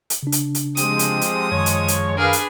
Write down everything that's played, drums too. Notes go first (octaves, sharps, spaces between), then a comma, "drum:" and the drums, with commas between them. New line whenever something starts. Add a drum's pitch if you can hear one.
drum: hi-hat
C#3 D4
drum: hi-hat
drum: hi-hat
F3 G#3 C4 G4 D#6, drum: hi-hat
drum: hi-hat
drum: hi-hat
F#2 D#3 C#5
drum: hi-hat
drum: hi-hat
D4 G#4 A#4 B4 F5
drum: hi-hat